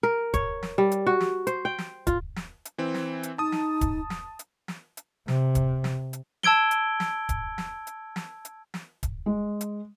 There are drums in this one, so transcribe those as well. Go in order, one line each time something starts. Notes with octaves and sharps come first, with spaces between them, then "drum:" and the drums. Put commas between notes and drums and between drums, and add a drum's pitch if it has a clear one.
A#4
C#5, drum: kick, hi-hat
drum: snare
G3
drum: hi-hat
F#4
drum: snare
C5, drum: hi-hat
G5
drum: snare
F4, drum: kick, hi-hat
drum: snare
drum: hi-hat
E3 C4
drum: snare
drum: hi-hat
D#4 A5 D#6
drum: snare
drum: kick, hi-hat
drum: snare
drum: hi-hat
drum: snare
drum: hi-hat
C3, drum: snare
drum: kick, hi-hat
drum: snare
drum: hi-hat
A5 E6 G#6 D7 G7, drum: snare
drum: hi-hat
drum: snare
drum: kick, hi-hat
drum: snare
drum: hi-hat
drum: snare
drum: hi-hat
drum: snare
drum: kick, hi-hat
G#3
drum: hi-hat